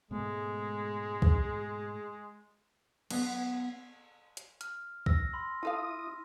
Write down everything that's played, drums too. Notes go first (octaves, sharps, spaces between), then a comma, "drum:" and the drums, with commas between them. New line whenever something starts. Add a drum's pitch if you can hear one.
G#2 B2 G#3 A3 G#4
drum: kick
B3, drum: cymbal
drum: hi-hat
F6, drum: hi-hat
E6 A#6, drum: kick
B5 C6
E4 F4 A4 F5 D#6